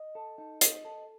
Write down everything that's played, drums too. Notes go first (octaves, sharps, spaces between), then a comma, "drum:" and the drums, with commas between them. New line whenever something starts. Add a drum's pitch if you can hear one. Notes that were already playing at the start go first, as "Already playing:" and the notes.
Already playing: D#5
A4
D#4
D#5, drum: hi-hat
A4